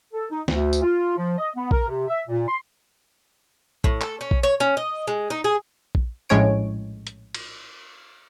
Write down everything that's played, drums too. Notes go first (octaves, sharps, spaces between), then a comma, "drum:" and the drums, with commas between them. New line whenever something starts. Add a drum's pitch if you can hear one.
A4
D#4
D2, drum: snare
drum: tambourine
F4
F3
D#5
B3
A#4, drum: kick A#1
C3
E5
A#2
C6
A2, drum: kick A#1
A4, drum: clap
C#4
drum: kick A#1
C#5
C#4
D#5
G#3
D#4
G#4
drum: kick A#1
A#1 A2 G#3 C#4 C#5 D7
drum: hi-hat
drum: cymbal